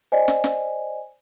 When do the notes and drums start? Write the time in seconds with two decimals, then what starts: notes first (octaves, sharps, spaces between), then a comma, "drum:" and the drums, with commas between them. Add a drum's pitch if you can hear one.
0.12 C5 D5 D#5 G#5
0.28 drum: snare
0.44 drum: snare